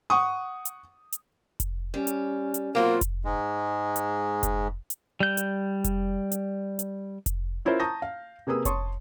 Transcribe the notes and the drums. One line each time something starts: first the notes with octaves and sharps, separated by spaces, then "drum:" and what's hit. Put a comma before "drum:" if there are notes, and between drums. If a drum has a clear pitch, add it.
F#5 C#6 D#6
drum: hi-hat
drum: hi-hat
drum: kick F1, hi-hat
G3 C#4
drum: hi-hat
drum: hi-hat
B2 F#3 A#3 C4 F4
drum: kick F1, hi-hat
G#2 G#3
drum: hi-hat
drum: kick F1, hi-hat
drum: hi-hat
G3 G6
drum: hi-hat
drum: kick F1, hi-hat
drum: hi-hat
drum: hi-hat
drum: kick F1, hi-hat
C#4 E4 F4 A#4 C5 C#5
A5 A#5 C#6 D#6 G6 A#6
F5
C3 A#3 G#4 B4 D#6 E6
C#5 A5 C6 C#6 D#6, drum: kick F1, hi-hat